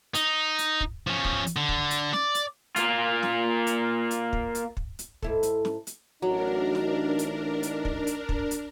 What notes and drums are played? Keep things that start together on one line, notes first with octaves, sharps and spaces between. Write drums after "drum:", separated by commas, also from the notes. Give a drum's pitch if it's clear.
D#4, drum: hi-hat
drum: hi-hat
drum: kick
F3 C#4
drum: kick
drum: hi-hat
D3
drum: kick
drum: hi-hat
D5, drum: snare
drum: hi-hat
A#3 F4, drum: hi-hat
drum: snare
drum: hi-hat
drum: hi-hat
drum: kick
drum: hi-hat
drum: kick
drum: hi-hat
G#2 E4 A4, drum: kick
drum: hi-hat
drum: snare
drum: hi-hat
A1 F#3 D4 D#4 A#4
drum: snare
drum: hi-hat
drum: hi-hat
drum: kick
drum: hi-hat
drum: kick
drum: hi-hat